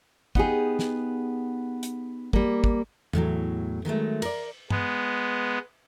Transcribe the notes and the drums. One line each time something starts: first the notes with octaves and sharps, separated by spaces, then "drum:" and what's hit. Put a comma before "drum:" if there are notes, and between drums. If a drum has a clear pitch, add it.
B3 D#4 G4 G#4, drum: kick
drum: snare
drum: hi-hat
G3 A#3, drum: kick
drum: kick
E2 A2 D3 F#3, drum: tom E2
D#3 F#3 G#3 A3
A#4 D5, drum: cymbal
G#3 B3, drum: tom